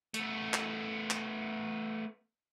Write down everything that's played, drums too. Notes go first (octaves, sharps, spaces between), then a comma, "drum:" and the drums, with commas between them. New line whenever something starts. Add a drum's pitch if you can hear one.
A3 B3, drum: hi-hat
drum: clap
drum: clap